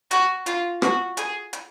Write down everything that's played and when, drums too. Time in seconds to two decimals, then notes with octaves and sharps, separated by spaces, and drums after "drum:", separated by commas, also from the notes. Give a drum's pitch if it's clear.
0.11 F#4, drum: hi-hat
0.46 F4, drum: hi-hat
0.82 F#4, drum: rim click
1.17 G#4, drum: hi-hat
1.53 drum: hi-hat